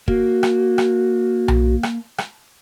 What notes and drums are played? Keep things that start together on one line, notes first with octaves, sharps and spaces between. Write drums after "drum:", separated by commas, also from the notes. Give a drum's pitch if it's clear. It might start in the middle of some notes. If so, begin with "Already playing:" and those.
A#3 F#4, drum: kick
drum: rim click
drum: rim click
drum: tom B1
drum: rim click
drum: rim click